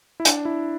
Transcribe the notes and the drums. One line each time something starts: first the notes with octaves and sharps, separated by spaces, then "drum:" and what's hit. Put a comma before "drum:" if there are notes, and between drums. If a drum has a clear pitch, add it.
E4
D4, drum: hi-hat
E4